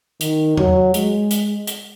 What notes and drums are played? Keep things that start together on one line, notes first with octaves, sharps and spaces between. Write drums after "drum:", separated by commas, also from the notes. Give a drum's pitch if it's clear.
D#3, drum: hi-hat
F#3, drum: tom E2
G#3, drum: hi-hat
drum: hi-hat
drum: hi-hat